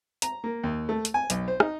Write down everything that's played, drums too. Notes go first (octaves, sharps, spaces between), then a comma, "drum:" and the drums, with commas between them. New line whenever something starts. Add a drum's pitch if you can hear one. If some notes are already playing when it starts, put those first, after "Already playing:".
A#5, drum: hi-hat
A#3
D#2
A3
drum: hi-hat
G#5
B1, drum: hi-hat
C5
D#4, drum: rim click